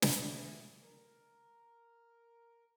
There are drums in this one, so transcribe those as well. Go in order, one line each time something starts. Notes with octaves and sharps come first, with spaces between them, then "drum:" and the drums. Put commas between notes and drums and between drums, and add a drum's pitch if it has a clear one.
A3 G#4 D5, drum: snare
A#4